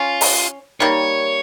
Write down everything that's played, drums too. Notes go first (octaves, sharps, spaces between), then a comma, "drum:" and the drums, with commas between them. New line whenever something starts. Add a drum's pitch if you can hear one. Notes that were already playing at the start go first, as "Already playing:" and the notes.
Already playing: C#4 F4
drum: open hi-hat
D#3 G3 A#3 C#5